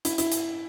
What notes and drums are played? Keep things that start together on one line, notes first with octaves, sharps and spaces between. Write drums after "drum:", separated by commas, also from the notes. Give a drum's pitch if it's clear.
E4, drum: hi-hat
E4, drum: hi-hat
drum: hi-hat